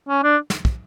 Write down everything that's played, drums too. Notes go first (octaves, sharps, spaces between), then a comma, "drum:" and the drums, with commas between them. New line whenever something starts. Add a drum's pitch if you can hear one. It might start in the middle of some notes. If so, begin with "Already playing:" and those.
C#4
D4
drum: snare
drum: kick